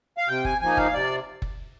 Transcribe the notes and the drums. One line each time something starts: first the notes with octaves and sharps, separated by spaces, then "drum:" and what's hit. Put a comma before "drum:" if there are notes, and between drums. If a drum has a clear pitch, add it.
F5
C3 G5
G#5, drum: kick F#1
F3 A#3 D#4 G#5
F5, drum: kick F#1
C3 D5
drum: kick F#1